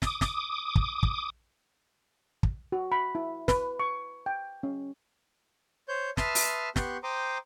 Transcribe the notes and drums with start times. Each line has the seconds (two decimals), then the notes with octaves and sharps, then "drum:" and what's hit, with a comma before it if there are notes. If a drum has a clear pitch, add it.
0.02 D6 D#6, drum: snare
0.21 drum: snare
0.75 drum: kick
1.03 drum: kick
2.43 drum: kick
2.72 F#4
2.92 B5
3.15 E4
3.48 B4, drum: snare
3.80 C#6
4.26 G5
4.63 C#4
5.89 C5 C#5 G6
6.17 B4 E5 A5 C6 D#6 F6, drum: snare
6.35 drum: open hi-hat
6.76 B3 G4 C6 C#6 F#6 G6, drum: snare
7.03 C5 G5 A#5 C6 D6 D#6